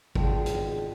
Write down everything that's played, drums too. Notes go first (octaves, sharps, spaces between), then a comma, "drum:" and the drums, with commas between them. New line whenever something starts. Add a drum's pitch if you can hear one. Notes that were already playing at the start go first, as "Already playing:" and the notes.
G#1 B2 D3 F3 G#4 G5, drum: kick
drum: hi-hat